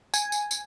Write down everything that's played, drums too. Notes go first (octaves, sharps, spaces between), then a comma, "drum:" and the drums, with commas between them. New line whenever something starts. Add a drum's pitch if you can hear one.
G#5, drum: tambourine
drum: tambourine
drum: tambourine